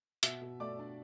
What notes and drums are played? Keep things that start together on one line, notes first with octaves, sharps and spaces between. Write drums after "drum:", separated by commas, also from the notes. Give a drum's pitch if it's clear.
B2 E5 E6, drum: hi-hat
B2
A3 D5 D6
D4